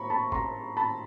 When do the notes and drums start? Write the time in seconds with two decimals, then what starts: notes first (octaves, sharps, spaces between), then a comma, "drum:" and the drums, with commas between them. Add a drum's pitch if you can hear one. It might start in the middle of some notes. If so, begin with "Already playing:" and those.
Already playing: A2 B3 A#5 B5 C#6
0.10 A5 B5
0.32 A#5 C6, drum: kick G1
0.77 A5 B5